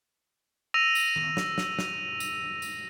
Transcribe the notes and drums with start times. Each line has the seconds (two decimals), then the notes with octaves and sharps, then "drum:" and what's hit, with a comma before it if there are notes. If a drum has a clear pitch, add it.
0.74 E6 A#6 D#7 F7
0.95 drum: tambourine
1.16 drum: tom D#3
1.37 drum: snare
1.58 drum: snare
1.79 drum: snare
2.20 drum: tambourine
2.62 drum: tambourine